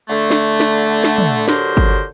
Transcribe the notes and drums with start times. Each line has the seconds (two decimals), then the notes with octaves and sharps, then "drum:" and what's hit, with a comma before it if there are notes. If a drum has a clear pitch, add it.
0.09 D3 A3
0.30 drum: snare
0.60 drum: snare
1.04 drum: snare
1.18 drum: tom
1.48 D3 F#3 G4 A#4 C5, drum: snare
1.77 drum: kick G1